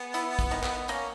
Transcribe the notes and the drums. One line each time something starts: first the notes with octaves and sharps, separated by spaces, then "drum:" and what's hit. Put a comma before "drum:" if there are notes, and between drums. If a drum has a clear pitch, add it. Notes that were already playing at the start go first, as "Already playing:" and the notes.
Already playing: B3 G#4
E4, drum: hi-hat
drum: kick, hi-hat
D#3
drum: clap
A#3 C#4, drum: hi-hat